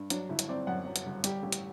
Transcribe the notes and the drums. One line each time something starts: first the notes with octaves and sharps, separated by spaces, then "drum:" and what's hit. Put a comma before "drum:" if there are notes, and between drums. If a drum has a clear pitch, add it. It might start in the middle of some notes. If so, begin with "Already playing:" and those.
Already playing: G2
F#3 D4, drum: hi-hat
G1 E4
drum: hi-hat
C4 D5
F#2 F#5
F#3
drum: hi-hat
G1
G3 G4, drum: hi-hat
A1
drum: hi-hat